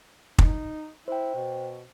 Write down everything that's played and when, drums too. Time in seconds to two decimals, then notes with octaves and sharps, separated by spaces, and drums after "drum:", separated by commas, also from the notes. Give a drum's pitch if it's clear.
0.39 D#4, drum: kick
1.08 E4 C5 G5
1.35 B2